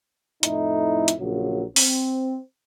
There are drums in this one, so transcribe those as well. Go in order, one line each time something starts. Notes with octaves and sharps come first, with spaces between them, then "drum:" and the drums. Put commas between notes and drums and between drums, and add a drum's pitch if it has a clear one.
F2 A2 D#4 E4, drum: hi-hat
drum: hi-hat
A#1 A#2 C#3 F#3
C4, drum: open hi-hat